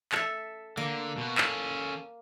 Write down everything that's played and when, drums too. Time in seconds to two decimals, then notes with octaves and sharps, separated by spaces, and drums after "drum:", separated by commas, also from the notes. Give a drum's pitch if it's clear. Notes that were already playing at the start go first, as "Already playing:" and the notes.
0.12 A4 E5, drum: clap
0.77 D3 A#3
1.18 B2 F#4
1.38 C#4 A4, drum: clap